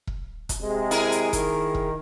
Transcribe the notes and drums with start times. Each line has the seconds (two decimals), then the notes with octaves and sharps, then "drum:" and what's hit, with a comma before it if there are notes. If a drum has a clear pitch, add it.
0.07 drum: kick E1
0.49 drum: kick E1, hi-hat
0.62 C3 G#3
0.91 E4 G#4 A#4, drum: hi-hat
1.12 drum: hi-hat
1.33 D#3, drum: kick E1, hi-hat
1.75 drum: kick E1